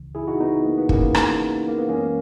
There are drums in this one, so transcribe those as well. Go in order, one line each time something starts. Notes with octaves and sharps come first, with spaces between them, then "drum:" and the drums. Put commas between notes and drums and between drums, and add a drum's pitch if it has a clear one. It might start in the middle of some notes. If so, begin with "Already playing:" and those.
Already playing: C#2 C#3 E3
E4 G#4
D#4 F#4
B3 D#4
A#3
B3
A#3 C#4, drum: kick
drum: rim click
A#3
B3
F#2 E3 G#3 A#3 C#4